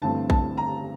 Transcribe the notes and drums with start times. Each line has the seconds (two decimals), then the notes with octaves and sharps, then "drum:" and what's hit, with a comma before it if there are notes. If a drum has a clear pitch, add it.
0.02 G1 G2 E3 A3 C4 A5
0.30 A5, drum: kick A#1
0.57 A#5